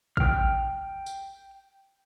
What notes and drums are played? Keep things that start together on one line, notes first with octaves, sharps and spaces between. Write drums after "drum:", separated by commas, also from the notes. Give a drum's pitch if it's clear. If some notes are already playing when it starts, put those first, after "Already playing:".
G5 F6, drum: kick
drum: tambourine